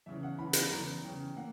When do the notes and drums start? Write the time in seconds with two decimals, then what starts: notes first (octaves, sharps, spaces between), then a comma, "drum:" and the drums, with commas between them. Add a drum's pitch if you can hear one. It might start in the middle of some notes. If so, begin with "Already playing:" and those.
0.06 E2 C#3 E3 E5
0.23 F#5
0.39 E2 C#3 E3 B5
0.53 drum: hi-hat
0.71 E2 C#3 E3 A#5
1.04 E2 C#3 E3 G5
1.36 A#3 F#5